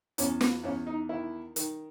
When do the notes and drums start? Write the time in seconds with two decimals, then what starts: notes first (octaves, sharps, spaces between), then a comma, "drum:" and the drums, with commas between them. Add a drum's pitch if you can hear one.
0.18 E2 C#4, drum: hi-hat
0.41 B3, drum: snare
0.64 E2 C#4
0.87 D#4
1.09 D#3 E4
1.56 D#3, drum: hi-hat